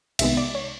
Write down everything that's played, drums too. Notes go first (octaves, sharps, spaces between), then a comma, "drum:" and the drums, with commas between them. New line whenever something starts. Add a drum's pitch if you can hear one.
C2 C3 D#3 G#3 B3 E5, drum: cymbal
D5
C#5